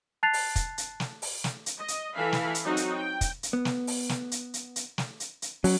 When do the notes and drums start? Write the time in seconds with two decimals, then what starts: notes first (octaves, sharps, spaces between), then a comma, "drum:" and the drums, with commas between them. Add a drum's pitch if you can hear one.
0.23 A5 F#6 A6 C7 F7
0.33 drum: open hi-hat
0.56 drum: kick, hi-hat
0.78 drum: hi-hat
1.00 drum: snare
1.22 drum: open hi-hat
1.44 drum: snare
1.66 drum: hi-hat
1.78 D#5
1.88 drum: hi-hat
2.14 E3 A4 E5 F5 B5
2.32 drum: snare
2.55 drum: hi-hat
2.65 F#3 C4 D#4 F#4
2.77 drum: hi-hat
2.95 G5
3.21 drum: kick, hi-hat
3.43 drum: hi-hat
3.53 B3
3.65 drum: snare
3.87 drum: open hi-hat
4.09 drum: snare
4.32 drum: hi-hat
4.54 drum: hi-hat
4.76 drum: hi-hat
4.98 drum: snare
5.20 drum: hi-hat
5.42 drum: hi-hat
5.64 F#3 C#4, drum: open hi-hat